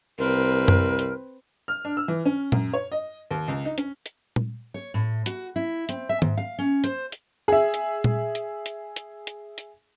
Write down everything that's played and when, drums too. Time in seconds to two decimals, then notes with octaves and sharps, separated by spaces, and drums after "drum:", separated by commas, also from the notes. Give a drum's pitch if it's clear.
0.19 C2 C4 A#4 B4
0.68 drum: tom F#2
0.99 drum: hi-hat
1.68 F6
1.85 D4
1.97 E6
2.08 E3
2.25 C#4
2.52 F#2, drum: tom A#2
2.74 C#5
2.92 D#5
3.31 D#2
3.48 C#2
3.65 D#4
3.78 C#4, drum: hi-hat
4.06 drum: hi-hat
4.36 drum: tom A#2
4.74 C#5
4.94 A2
5.26 F#4, drum: hi-hat
5.56 E4
5.89 C4, drum: hi-hat
6.09 E5
6.22 G#2, drum: tom
6.37 F5
6.58 C#4
6.84 C5, drum: hi-hat
7.12 drum: hi-hat
7.48 G#4 E5
7.74 drum: hi-hat
8.04 drum: tom A#2
8.35 drum: hi-hat
8.66 drum: hi-hat
8.96 drum: hi-hat
9.27 drum: hi-hat
9.58 drum: hi-hat